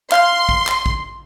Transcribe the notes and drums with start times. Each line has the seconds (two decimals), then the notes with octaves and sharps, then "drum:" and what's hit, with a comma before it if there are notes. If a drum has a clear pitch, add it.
0.12 F5 C6, drum: clap
0.49 drum: kick
0.67 drum: clap
0.86 drum: kick